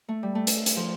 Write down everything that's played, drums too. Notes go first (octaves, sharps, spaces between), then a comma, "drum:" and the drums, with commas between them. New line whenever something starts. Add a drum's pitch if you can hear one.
A3
G3
A3
drum: hi-hat
drum: hi-hat
F3